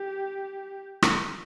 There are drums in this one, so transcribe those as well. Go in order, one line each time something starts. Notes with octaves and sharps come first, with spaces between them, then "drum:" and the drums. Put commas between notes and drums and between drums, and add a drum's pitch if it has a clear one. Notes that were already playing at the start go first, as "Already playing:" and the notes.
Already playing: G4
drum: rim click